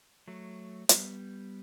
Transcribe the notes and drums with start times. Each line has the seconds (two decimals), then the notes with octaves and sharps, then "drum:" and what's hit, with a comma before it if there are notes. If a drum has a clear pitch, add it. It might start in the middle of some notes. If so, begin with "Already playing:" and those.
0.28 F#3 A3
0.89 G3 B3, drum: hi-hat